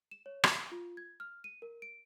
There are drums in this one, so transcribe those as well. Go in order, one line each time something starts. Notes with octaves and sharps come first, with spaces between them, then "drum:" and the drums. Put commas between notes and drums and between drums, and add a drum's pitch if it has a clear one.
E7
C#5
F7, drum: rim click
F4
G#6
F6
D#7
A#4
D7